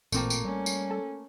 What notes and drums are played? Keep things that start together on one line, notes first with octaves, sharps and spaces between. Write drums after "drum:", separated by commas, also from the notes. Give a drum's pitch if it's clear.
A1 A#2 A3 A#3 C4 G5, drum: tambourine
drum: tambourine
G3 C#4
drum: tambourine
A4